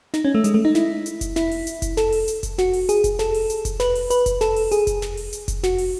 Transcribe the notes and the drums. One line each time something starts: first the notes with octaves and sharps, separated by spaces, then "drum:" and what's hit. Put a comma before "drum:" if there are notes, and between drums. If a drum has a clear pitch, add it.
D#4, drum: snare
C#4
A3
G#3, drum: hi-hat
A3
D#4
E4, drum: snare
drum: hi-hat
drum: kick F1, hi-hat
E4, drum: snare
drum: open hi-hat
drum: hi-hat
drum: kick F1, hi-hat
A4, drum: snare
drum: open hi-hat
drum: hi-hat
drum: kick F1, hi-hat
F#4, drum: snare
drum: open hi-hat
G#4, drum: hi-hat
drum: kick F1, hi-hat
A4, drum: snare
drum: open hi-hat
drum: hi-hat
drum: kick F1, hi-hat
B4, drum: snare
drum: open hi-hat
B4, drum: hi-hat
drum: kick F1, hi-hat
A4, drum: snare
drum: open hi-hat
G#4, drum: hi-hat
drum: kick F1, hi-hat
drum: snare
drum: open hi-hat
drum: hi-hat
drum: kick F1, hi-hat
F#4, drum: snare
drum: open hi-hat